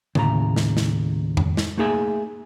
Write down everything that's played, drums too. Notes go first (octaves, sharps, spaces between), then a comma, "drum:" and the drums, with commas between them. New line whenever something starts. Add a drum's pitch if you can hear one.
D#2 A2 C#3 A#5, drum: tom D3
drum: snare
drum: snare
drum: tom F2
drum: snare
A3 A#3 D#4 G#4 E5 G#5